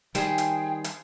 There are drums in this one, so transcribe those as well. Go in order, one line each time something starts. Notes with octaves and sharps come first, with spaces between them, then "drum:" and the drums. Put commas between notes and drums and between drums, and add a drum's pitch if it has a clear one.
D#3 G3 G#4 C5 G5, drum: hi-hat
drum: hi-hat
drum: hi-hat